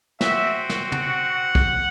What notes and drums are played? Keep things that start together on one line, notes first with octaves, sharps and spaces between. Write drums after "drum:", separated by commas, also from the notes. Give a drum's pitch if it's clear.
C4 F#4 E5, drum: snare
drum: snare
F#5, drum: tom
drum: kick